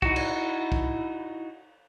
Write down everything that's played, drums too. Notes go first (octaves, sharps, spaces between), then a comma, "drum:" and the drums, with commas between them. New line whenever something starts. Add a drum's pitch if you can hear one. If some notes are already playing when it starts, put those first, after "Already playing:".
D#4 E4 F#4, drum: kick
drum: cymbal
drum: kick